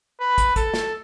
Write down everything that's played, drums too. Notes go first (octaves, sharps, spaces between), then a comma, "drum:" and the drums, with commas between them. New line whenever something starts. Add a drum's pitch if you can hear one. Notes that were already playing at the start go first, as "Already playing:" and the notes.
B4
drum: kick, hi-hat
A4, drum: kick, hi-hat
drum: snare